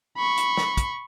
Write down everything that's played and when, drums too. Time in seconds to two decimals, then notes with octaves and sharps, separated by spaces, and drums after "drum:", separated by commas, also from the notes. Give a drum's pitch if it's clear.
0.18 B5 C#6
0.37 drum: hi-hat
0.57 drum: snare
0.77 drum: kick, hi-hat